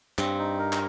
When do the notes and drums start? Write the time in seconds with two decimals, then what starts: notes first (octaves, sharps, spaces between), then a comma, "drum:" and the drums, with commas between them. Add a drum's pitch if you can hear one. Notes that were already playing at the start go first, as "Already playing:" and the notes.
0.18 G2 C4, drum: clap
0.39 D#4
0.59 A#4
0.73 drum: clap